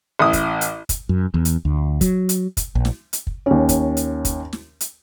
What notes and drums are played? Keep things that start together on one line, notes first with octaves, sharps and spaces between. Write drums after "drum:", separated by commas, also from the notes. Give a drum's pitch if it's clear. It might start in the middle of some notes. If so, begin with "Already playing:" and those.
A1 E4 D#6
drum: kick, hi-hat
drum: hi-hat
drum: kick, hi-hat
F#2
E2
drum: hi-hat
D2
F#3, drum: kick, hi-hat
drum: hi-hat
drum: kick, hi-hat
A#1
drum: snare
drum: hi-hat
drum: kick
D#2 C#4
drum: kick, hi-hat
drum: hi-hat
drum: kick, hi-hat
drum: snare
drum: hi-hat